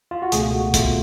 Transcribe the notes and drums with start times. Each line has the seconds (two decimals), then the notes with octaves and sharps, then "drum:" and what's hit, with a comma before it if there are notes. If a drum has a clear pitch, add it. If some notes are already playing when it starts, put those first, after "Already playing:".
0.11 F4
0.22 F#4
0.32 C#2 B2 A3 G#4, drum: hi-hat
0.53 F#4
0.74 B2 A3 F4, drum: kick, hi-hat